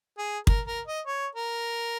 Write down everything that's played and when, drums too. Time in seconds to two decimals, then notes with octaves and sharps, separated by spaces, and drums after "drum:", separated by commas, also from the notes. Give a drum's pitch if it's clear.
0.18 G#4
0.47 A#4, drum: kick
0.67 A#4
0.87 D#5
1.07 C#5
1.35 A#4